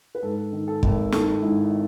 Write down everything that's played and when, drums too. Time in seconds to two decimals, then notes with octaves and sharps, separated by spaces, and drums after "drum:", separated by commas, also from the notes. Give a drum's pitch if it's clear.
0.15 B4
0.23 G#2 A4
0.53 D#3
0.68 A4
0.83 G#1, drum: kick
1.12 D#3 A4, drum: snare
1.43 G#2 E4